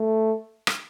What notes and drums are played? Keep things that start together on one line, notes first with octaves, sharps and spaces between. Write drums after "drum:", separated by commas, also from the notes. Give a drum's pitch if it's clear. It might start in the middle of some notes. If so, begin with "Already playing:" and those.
Already playing: A3
drum: rim click